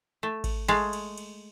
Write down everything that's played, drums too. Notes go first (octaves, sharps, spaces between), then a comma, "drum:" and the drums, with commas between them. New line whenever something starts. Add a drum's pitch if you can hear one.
A3
drum: kick G#1, cymbal
G#3 A3 F5, drum: cymbal
drum: cymbal
drum: cymbal